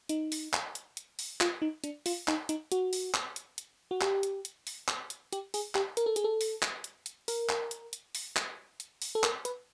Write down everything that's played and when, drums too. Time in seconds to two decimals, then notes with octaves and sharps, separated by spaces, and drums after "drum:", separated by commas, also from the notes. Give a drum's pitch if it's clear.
0.09 D#4, drum: hi-hat
0.32 drum: open hi-hat
0.53 drum: clap
0.75 drum: hi-hat
0.97 drum: hi-hat
1.19 drum: open hi-hat
1.41 F4, drum: clap
1.62 D#4
1.84 D4, drum: hi-hat
2.06 F4, drum: open hi-hat
2.28 D#4, drum: clap
2.49 D#4, drum: hi-hat
2.72 F#4, drum: hi-hat
2.93 drum: open hi-hat
3.14 drum: clap
3.36 drum: hi-hat
3.58 drum: hi-hat
3.91 F#4
4.01 G4, drum: clap
4.23 drum: hi-hat
4.45 drum: hi-hat
4.67 drum: open hi-hat
4.88 drum: clap
5.10 drum: hi-hat
5.33 G4, drum: hi-hat
5.54 G#4, drum: open hi-hat
5.75 G4, drum: clap
5.97 A#4, drum: hi-hat
6.06 A4
6.16 G#4, drum: hi-hat
6.24 A4
6.41 drum: open hi-hat
6.62 drum: clap
6.84 drum: hi-hat
7.06 drum: hi-hat
7.28 A#4, drum: open hi-hat
7.49 drum: clap
7.71 drum: hi-hat
7.93 drum: hi-hat
8.15 drum: open hi-hat
8.36 drum: clap
8.80 drum: hi-hat
9.02 drum: open hi-hat
9.15 A4
9.24 A#4, drum: clap
9.45 B4, drum: hi-hat